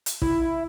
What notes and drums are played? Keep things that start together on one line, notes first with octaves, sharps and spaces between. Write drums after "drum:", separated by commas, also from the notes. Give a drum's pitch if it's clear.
drum: hi-hat
E4, drum: kick